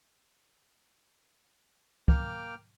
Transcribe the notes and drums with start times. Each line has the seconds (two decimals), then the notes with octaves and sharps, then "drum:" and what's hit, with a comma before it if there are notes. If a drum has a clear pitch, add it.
2.08 A#3 G5 D6 F6, drum: kick